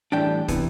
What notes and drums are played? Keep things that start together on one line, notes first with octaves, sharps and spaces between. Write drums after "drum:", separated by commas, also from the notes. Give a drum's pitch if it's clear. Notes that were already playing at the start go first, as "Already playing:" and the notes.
A2 E3 G3 D4 G5
C3 E3 B3, drum: kick, hi-hat